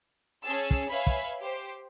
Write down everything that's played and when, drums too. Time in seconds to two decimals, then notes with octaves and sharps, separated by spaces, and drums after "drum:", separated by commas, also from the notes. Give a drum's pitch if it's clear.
0.43 C#4 G#4 A5 E6
0.71 drum: kick
0.89 B4 C#5 E5 F5 G#5 B5
1.07 drum: kick
1.39 G4 C5